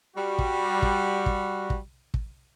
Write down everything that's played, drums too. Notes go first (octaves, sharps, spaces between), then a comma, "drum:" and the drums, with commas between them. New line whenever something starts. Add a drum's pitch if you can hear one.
G3 F#4
drum: kick
drum: kick
drum: kick
drum: kick
drum: kick